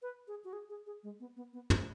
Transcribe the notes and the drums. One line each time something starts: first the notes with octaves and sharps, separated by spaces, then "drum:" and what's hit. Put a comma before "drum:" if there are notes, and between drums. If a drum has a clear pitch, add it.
B4
G#4
F#4
G#4
G#4
G#4
G#3
B3
B3
B3
C#4, drum: tom